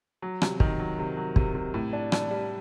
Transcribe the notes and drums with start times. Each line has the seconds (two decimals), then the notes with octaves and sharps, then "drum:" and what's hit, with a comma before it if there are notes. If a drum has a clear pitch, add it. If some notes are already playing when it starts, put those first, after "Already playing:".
0.22 F#3
0.42 C3, drum: rim click
0.60 D#3, drum: kick
0.79 F#3
0.98 C3
1.17 F#3
1.36 C3, drum: kick
1.55 C3
1.74 A2
1.93 D4
2.12 D4, drum: rim click
2.31 G3